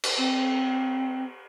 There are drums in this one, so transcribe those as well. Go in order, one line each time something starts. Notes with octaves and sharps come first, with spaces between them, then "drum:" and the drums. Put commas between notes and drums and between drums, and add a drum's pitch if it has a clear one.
drum: cymbal
C4